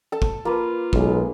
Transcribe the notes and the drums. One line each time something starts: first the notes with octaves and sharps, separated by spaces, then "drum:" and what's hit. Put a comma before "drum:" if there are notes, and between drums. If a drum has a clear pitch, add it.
A4 A5
drum: kick
A#3 F4 B4
B1 G#3, drum: kick